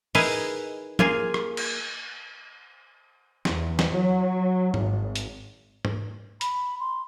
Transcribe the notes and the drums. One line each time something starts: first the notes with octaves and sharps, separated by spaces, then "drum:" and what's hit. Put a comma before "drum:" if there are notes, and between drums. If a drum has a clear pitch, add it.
D#4 E4 G#4 A#4 B4 D#5, drum: open hi-hat
A#3 F4 G#4, drum: tom F3
drum: rim click
drum: cymbal
E2, drum: snare
drum: snare
F#3
G#1, drum: tom G#2
drum: hi-hat
drum: tom G#2
B5, drum: hi-hat
C6